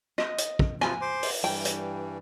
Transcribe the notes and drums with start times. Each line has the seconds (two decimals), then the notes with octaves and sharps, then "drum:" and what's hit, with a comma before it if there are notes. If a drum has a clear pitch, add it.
0.18 D#5, drum: rim click
0.38 drum: hi-hat
0.59 drum: kick
0.81 C3 F3 F4 G#5, drum: rim click
1.01 C5 C6 D6
1.23 drum: open hi-hat
1.44 G2 E3 G3 G5
1.65 drum: hi-hat